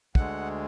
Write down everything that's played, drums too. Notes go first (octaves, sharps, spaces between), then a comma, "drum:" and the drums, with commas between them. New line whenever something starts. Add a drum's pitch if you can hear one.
D2 D3 G#3 F#5, drum: kick